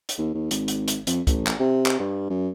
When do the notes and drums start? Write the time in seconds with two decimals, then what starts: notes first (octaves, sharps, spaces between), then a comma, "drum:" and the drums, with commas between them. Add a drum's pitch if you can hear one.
0.09 drum: hi-hat
0.18 D#2
0.34 D#2
0.51 G#1, drum: hi-hat
0.68 drum: hi-hat
0.88 drum: hi-hat
1.07 F2, drum: hi-hat
1.27 A1, drum: kick, hi-hat
1.47 drum: clap
1.60 C3
1.86 drum: clap
2.00 G2
2.30 F#2